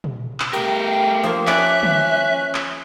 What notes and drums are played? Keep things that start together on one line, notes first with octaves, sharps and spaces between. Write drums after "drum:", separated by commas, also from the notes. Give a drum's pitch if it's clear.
drum: tom
drum: clap
A3 G4 A#4 G5
F3 A#3 C5
C#4 D5 E5 F#6, drum: clap
drum: tom
drum: clap